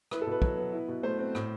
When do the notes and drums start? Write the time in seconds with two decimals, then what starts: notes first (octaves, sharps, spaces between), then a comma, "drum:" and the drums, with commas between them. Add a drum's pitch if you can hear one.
0.11 E4 B4, drum: rim click
0.22 A4
0.26 B2
0.32 B4
0.42 F#3, drum: kick
0.57 B3
0.73 E4
0.88 B2
1.03 A3 C5
1.19 C4
1.35 A2, drum: rim click